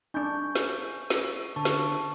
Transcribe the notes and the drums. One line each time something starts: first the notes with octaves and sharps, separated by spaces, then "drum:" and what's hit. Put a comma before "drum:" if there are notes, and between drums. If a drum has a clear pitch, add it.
D4 D#4 G#5 C#6 G6
drum: snare
drum: snare
D3 A5 C#6
drum: snare